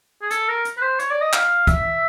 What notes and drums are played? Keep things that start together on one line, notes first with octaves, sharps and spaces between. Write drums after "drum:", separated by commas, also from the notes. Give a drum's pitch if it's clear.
G#4
A4, drum: hi-hat
A#4
drum: hi-hat
B4
C5
C#5, drum: hi-hat
D5
D#5
F5, drum: clap
E5, drum: kick, hi-hat